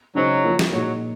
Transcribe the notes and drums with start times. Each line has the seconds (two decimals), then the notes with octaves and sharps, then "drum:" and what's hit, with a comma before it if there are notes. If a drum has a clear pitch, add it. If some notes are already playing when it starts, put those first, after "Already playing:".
0.15 C#3 F#3 G#3 D#4 G#4 C5
0.44 F3 A#3 F4
0.59 drum: snare
0.72 A#2 F#3 G#3 D#4